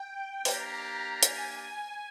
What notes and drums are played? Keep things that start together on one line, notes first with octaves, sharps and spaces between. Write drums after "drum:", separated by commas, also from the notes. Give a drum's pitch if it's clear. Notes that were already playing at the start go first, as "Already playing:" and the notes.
Already playing: G5
A#3 D4 G4 A#5, drum: open hi-hat
G#5, drum: hi-hat
G#5